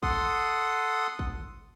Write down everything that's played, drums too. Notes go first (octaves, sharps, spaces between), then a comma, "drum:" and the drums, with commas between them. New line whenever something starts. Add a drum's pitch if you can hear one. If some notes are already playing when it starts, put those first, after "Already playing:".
A4 F#5 C6 D#6, drum: kick
drum: kick